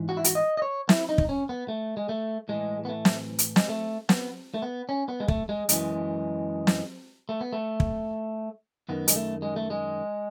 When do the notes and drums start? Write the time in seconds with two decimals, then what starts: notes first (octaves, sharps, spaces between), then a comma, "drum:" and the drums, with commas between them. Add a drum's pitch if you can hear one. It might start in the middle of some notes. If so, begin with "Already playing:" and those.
Already playing: G#2 E3
0.09 F#4
0.17 E4
0.24 F#4, drum: hi-hat
0.35 D#5
0.57 D#5
0.62 C#5
0.89 E4, drum: snare
1.09 D#4
1.18 drum: kick
1.29 C#4
1.49 B3
1.68 A3
1.97 G#3
2.09 A3
2.49 A2 E3 G#3
2.85 B3
2.89 A3
3.05 drum: snare
3.39 drum: hi-hat
3.56 G#3, drum: snare
3.69 A3
4.09 B3, drum: snare
4.54 A3
4.62 B3
4.89 C#4
5.09 B3
5.20 G#3
5.28 A3, drum: kick
5.49 G#3
5.69 F#2 E3 G#3, drum: hi-hat
6.67 drum: snare
7.29 A3
7.41 B3
7.53 A3
7.80 drum: kick
8.89 F#2 D#3 B3
9.08 G#3, drum: hi-hat
9.16 A3
9.42 G#3
9.56 A3
9.70 G#3